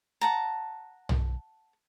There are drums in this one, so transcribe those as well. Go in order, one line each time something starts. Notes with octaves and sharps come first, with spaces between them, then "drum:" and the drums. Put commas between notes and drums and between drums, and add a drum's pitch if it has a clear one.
F#5 A5 A#5
drum: tom